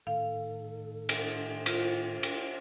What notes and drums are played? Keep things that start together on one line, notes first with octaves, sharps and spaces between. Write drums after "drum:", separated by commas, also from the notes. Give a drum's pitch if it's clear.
A2 D#3 A4 F5
drum: cymbal
F4, drum: cymbal
drum: cymbal